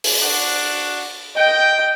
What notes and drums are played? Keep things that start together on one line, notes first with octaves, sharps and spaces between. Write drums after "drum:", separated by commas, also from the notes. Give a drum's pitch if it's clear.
drum: open hi-hat
D4 F#4 F#5
D#5 G5